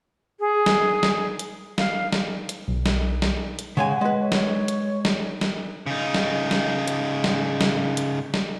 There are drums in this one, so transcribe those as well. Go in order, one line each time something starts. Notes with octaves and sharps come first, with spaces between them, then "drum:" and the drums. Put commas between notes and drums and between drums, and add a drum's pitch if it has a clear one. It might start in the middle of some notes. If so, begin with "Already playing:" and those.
G#4
drum: snare
drum: snare
drum: hi-hat
F5, drum: snare
drum: snare
drum: hi-hat
B1
drum: snare
drum: snare
drum: hi-hat
C#3 G#3 F#5 G#5
G#3 B4
C#5
drum: snare
drum: hi-hat
drum: snare
drum: snare
C#3 D#4
drum: snare
drum: snare
drum: hi-hat
drum: snare
drum: snare
drum: hi-hat
drum: snare